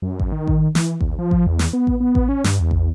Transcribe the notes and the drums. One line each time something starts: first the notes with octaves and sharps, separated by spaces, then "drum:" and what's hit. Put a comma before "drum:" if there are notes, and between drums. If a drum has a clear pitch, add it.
F#2
drum: kick A1
D#3
drum: kick A1
E3, drum: snare
D#2, drum: kick A1
F3
drum: kick A1
E2
drum: snare
B3
drum: kick A1
B3
drum: kick A1
C#4
G2, drum: snare
E2
drum: kick A1